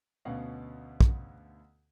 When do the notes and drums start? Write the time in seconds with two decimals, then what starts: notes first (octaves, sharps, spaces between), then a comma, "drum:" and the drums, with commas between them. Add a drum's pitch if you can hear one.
0.25 D2 B2 B3 C#4 F5 F#5
1.01 drum: kick